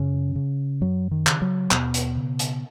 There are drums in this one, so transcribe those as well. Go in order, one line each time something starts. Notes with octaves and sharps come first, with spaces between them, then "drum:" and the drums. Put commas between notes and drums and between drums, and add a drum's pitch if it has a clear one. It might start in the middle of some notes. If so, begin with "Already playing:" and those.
Already playing: F#2 C#3 C#4
C#3
F#2 F#3
D#3
C#3, drum: clap
F#3
D#2 B2 B3, drum: clap
drum: hi-hat
C#3
drum: hi-hat